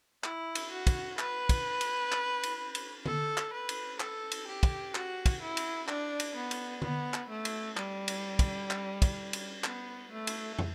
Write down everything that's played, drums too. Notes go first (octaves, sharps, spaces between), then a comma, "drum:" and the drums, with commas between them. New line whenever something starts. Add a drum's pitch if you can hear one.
E4, drum: clap
drum: cymbal
F#4
drum: kick, cymbal
B4, drum: clap
drum: kick, cymbal
drum: cymbal
drum: clap
drum: cymbal
drum: cymbal
A4, drum: tom
drum: clap
B4
drum: cymbal
A4, drum: clap
drum: cymbal
G4
drum: kick, cymbal
F#4, drum: clap
drum: kick, cymbal
E4
drum: cymbal
D4, drum: clap
drum: cymbal
B3
drum: cymbal
B3, drum: tom
drum: clap
A3
drum: cymbal
G3, drum: clap
drum: cymbal
drum: kick, cymbal
drum: clap
drum: kick, cymbal
drum: cymbal
B3, drum: clap
A3
drum: cymbal
drum: tom